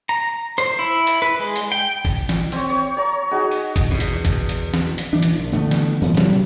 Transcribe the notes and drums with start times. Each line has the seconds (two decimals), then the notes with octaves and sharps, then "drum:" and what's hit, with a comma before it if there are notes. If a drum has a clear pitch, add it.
0.09 A#5
0.58 C5, drum: hi-hat
0.79 E4
1.07 drum: hi-hat
1.22 B4
1.39 G#3
1.56 drum: hi-hat
1.72 G5
2.05 drum: kick G#1, open hi-hat
2.29 drum: snare
2.52 C4 C#5, drum: open hi-hat
2.70 C#5
2.97 C#5 A#5
3.31 D#4 F#4 G#4
3.51 drum: open hi-hat
3.76 drum: kick G#1, hi-hat
3.90 E2 B2
4.00 drum: hi-hat
4.25 drum: kick G#1, hi-hat
4.49 drum: hi-hat
4.74 drum: snare
4.98 drum: hi-hat
5.13 E3 D4
5.22 drum: hi-hat
5.32 A#1
5.52 D3 A3 B3
5.71 drum: snare
6.01 A2 E3 F3 B3
6.17 D2 C3 F#3, drum: snare